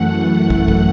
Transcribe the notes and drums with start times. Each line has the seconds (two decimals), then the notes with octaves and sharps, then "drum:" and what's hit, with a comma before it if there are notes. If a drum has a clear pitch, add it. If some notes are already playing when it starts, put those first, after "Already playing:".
Already playing: F#2 E3 A3 F#5
0.15 F#5
0.50 drum: kick
0.68 drum: kick